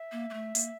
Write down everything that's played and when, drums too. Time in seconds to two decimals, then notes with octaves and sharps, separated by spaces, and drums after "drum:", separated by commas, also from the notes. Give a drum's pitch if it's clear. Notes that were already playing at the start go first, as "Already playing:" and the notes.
Already playing: E5
0.12 A#3
0.30 A#3
0.33 A3
0.55 A#3, drum: hi-hat